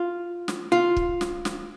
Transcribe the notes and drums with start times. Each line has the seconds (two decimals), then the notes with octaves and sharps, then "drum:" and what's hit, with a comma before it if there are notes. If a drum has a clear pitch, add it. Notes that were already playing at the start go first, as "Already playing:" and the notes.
Already playing: F4
0.48 drum: snare
0.72 F4
0.97 drum: kick
1.21 drum: snare
1.45 drum: snare